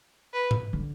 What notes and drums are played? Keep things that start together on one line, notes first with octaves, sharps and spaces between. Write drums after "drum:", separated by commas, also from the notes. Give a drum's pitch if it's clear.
B4
drum: tom G#2
D3